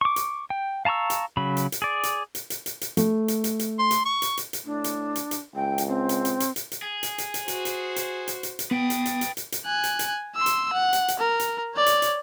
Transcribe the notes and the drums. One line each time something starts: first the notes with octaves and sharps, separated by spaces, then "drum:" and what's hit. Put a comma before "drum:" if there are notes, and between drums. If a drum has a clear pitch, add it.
C#6 D6
drum: hi-hat
G5
F5 A5 A#5 C#6 E6
drum: hi-hat
C#3 F#3 B5
drum: hi-hat
drum: hi-hat
G#4 D5
drum: hi-hat
drum: hi-hat
drum: hi-hat
drum: hi-hat
drum: hi-hat
A3, drum: hi-hat
drum: hi-hat
drum: hi-hat
drum: hi-hat
C6
drum: hi-hat
C#6
drum: hi-hat
drum: hi-hat
drum: hi-hat
A2 D4
drum: hi-hat
drum: hi-hat
drum: hi-hat
C#2 G5
drum: hi-hat
C4
drum: hi-hat
drum: hi-hat
drum: hi-hat
drum: hi-hat
drum: hi-hat
G#4
drum: hi-hat
drum: hi-hat
drum: hi-hat
F#4 C5, drum: hi-hat
drum: hi-hat
drum: hi-hat
drum: hi-hat
drum: hi-hat
drum: hi-hat
B3 B4 G5 D#6
drum: hi-hat
drum: hi-hat
drum: hi-hat
drum: hi-hat
drum: hi-hat
G#5 F#6
drum: hi-hat
drum: hi-hat
C6 E6
drum: hi-hat
F#5
drum: hi-hat
drum: hi-hat
A#4
drum: hi-hat
C#5 D5
drum: hi-hat
drum: hi-hat